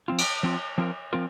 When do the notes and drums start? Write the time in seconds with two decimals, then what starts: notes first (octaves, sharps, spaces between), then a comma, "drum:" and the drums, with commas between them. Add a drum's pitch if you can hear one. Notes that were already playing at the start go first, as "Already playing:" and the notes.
0.08 F3 C4 F4
0.18 drum: cymbal
0.43 F3 C4 F4
0.78 F3 C4 F4 A#4
1.13 F3 C4 F4 A#4